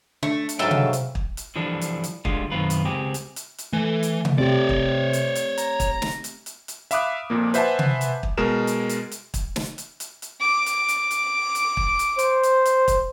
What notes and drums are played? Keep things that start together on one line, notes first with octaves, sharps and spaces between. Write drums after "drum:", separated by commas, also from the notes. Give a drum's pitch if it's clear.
D3 A3 C#6
drum: hi-hat
G#2 F#3 A4 B4 E5 F5 G5
drum: tom C3
drum: hi-hat
drum: kick
drum: hi-hat
D3 E3 F3 G3 D4
drum: hi-hat
drum: hi-hat
D3 G3 G#3 F4, drum: kick
B1 F#2 D#3 C4 F4 B4
drum: hi-hat
C#2 C4 G4 G#4
drum: hi-hat
drum: hi-hat
drum: hi-hat
E3 A3
drum: hi-hat
drum: tom C3
C3 C4 G4 C#5 D5
drum: kick
drum: hi-hat
drum: hi-hat
A#5, drum: hi-hat
drum: kick, hi-hat
drum: snare
drum: hi-hat
drum: hi-hat
drum: hi-hat
E5 F5 B5 D6 D#6 F#6, drum: hi-hat
F2 A#2 A#3
B4 C5 E5 F#5 G#5 A5, drum: hi-hat
drum: tom C3
drum: hi-hat
drum: kick
B2 G#3 A#4 E7
drum: hi-hat
drum: hi-hat
drum: hi-hat
drum: kick, hi-hat
drum: snare
drum: hi-hat
drum: hi-hat
drum: hi-hat
D6
drum: hi-hat
drum: hi-hat
drum: hi-hat
drum: hi-hat
drum: kick
drum: hi-hat
C5, drum: hi-hat
drum: hi-hat
drum: hi-hat
drum: kick, hi-hat